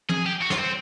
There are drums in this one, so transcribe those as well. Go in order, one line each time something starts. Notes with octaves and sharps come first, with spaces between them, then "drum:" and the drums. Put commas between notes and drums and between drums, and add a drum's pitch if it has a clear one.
G#4, drum: tom
G4
F#4
F4, drum: snare
C4